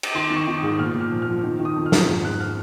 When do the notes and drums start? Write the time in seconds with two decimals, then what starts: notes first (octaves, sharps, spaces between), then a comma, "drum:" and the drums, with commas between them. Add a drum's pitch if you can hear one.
0.03 drum: cymbal
0.15 D#3 C6
0.30 D#3
0.36 C#6
0.47 D#3
0.58 D#6
0.63 G#2
0.79 A#2 F6
0.95 A#2
1.01 F6
1.12 F3
1.22 F6
1.28 F3
1.43 D#3
1.60 D#3
1.65 D#6
1.76 F2
1.86 F6
1.92 F2, drum: snare
2.08 G#2
2.25 G#2 F#6
2.40 F6